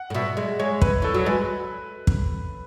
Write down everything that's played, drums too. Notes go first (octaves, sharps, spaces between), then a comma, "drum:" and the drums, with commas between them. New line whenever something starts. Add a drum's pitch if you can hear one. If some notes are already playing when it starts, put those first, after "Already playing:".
Already playing: F#5
A2
B2 E5
G#3
G#3 C#5
B4, drum: kick
E3 A4
F#3
G#3 B4
drum: kick